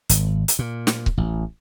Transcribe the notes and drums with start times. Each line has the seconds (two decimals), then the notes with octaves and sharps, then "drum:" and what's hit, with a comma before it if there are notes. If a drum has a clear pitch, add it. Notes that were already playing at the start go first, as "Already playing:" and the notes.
0.09 G#1, drum: hi-hat
0.48 drum: hi-hat
0.59 A#2
0.87 drum: snare
1.06 drum: kick C#1
1.18 A1